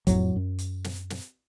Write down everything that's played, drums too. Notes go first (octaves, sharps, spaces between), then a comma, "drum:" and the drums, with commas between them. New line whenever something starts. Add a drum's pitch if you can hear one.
F2 A2 F#3, drum: kick, hi-hat
F#2
drum: hi-hat
drum: snare
drum: snare